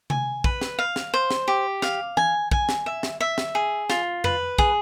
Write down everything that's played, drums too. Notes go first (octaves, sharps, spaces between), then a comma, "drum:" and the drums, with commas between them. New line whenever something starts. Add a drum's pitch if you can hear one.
G#5, drum: tom C3
B4, drum: kick
drum: snare
F5
drum: snare
C5
drum: snare
G4
F5, drum: snare
G#5, drum: tom E3
G#5, drum: kick
drum: snare
E5
drum: snare
E5
drum: snare
G#4
F4, drum: snare
B4, drum: tom F2
G#4, drum: kick